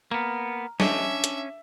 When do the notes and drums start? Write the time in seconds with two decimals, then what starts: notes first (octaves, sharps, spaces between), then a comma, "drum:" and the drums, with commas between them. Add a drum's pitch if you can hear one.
0.11 A#3 B3 A#5 F6
0.80 C#4 D4 E5 A5 D6, drum: snare
1.24 drum: hi-hat